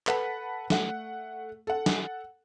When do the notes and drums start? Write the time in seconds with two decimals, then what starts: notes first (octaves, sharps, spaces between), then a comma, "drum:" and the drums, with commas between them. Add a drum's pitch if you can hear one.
0.07 A4 B4 F#5 A5 B5, drum: clap
0.70 A3 F#5, drum: snare
1.67 A4 F#5
1.86 drum: snare